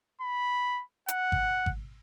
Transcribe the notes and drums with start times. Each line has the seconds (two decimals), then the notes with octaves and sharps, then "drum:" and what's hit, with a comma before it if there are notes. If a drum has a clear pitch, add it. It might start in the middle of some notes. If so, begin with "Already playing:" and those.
0.21 B5
1.08 F#5, drum: hi-hat
1.32 drum: kick G#1
1.66 drum: kick G#1